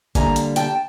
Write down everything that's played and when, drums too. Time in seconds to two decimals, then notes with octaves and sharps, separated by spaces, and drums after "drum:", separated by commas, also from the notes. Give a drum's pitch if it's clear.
0.15 D3 G3 A#3 G#5 A#5, drum: kick G1, hi-hat
0.36 drum: hi-hat
0.56 G5 A5, drum: hi-hat